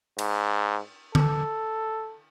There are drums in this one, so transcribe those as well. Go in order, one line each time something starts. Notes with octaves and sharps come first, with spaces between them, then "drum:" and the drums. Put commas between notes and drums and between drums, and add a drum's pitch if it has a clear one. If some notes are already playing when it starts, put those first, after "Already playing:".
G#2, drum: cymbal
A4, drum: tom D3